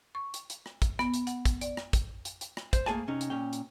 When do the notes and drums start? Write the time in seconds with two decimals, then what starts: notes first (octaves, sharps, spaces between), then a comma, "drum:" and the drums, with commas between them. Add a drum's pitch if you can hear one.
0.15 C#6
0.34 drum: hi-hat
0.50 drum: hi-hat
0.66 drum: rim click
0.82 drum: kick, hi-hat
0.99 B3, drum: rim click
1.14 drum: hi-hat
1.27 F#5, drum: hi-hat
1.45 drum: kick, hi-hat
1.61 D5, drum: hi-hat
1.77 drum: rim click
1.93 drum: kick, hi-hat
2.25 drum: hi-hat
2.41 drum: hi-hat
2.57 drum: rim click
2.73 C5, drum: kick, hi-hat
2.86 A3 A#3 C4 G#4 G#5 A5, drum: rim click
3.08 C3 C#4 D#4
3.21 drum: hi-hat
3.30 A#2 C#4 G5
3.53 drum: hi-hat